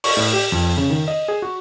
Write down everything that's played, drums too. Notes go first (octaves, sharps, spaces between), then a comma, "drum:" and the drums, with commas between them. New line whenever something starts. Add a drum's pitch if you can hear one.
C#6, drum: open hi-hat
A2
G4
F2
C#3
D#3
D#5
G#4
F#4